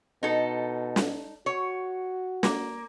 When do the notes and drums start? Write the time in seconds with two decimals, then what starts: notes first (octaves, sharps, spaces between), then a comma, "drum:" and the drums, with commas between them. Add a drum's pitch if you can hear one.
0.23 B2 D#4 A4
0.96 drum: snare
1.46 F#4 C#5
2.43 A#3, drum: snare